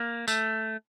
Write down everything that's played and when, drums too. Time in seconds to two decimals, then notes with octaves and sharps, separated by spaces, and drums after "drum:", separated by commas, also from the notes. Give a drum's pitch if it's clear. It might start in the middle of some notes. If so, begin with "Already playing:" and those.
Already playing: A#3
0.28 A3, drum: tambourine